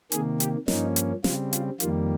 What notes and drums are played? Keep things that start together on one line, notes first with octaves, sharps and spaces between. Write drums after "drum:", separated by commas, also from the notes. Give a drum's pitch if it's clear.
C3 D#3 A#3 G#4, drum: hi-hat
G4, drum: hi-hat
G2 F3 A#3 C#4 D#4, drum: snare
drum: hi-hat
C#3 G3 C4 F4, drum: snare
F4, drum: hi-hat
F2 D#3 G3 A#3 F4, drum: hi-hat